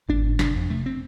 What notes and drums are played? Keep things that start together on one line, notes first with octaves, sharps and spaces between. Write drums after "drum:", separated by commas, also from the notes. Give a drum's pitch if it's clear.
A2 D4, drum: kick G1
A2
C3 D4, drum: snare
F2
C3 A3
C4